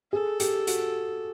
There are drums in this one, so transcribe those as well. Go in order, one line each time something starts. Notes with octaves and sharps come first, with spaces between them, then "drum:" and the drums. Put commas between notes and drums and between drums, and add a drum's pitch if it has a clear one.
G#4 A4
G4, drum: hi-hat
F#4, drum: hi-hat